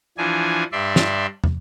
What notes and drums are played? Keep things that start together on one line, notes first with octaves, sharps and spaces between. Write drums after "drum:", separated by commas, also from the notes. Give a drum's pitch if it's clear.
E3 F3 D4 G#5
G2 D5 E5 C6
drum: snare
drum: tom